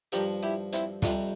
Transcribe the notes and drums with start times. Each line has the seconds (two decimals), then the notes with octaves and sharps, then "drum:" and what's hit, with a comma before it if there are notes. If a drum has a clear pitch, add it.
0.12 G2 F3 G4 A#4, drum: hi-hat
0.43 E4 G4
0.73 C4 E4, drum: hi-hat
1.02 F2 C3 G3 D4 F4, drum: kick, hi-hat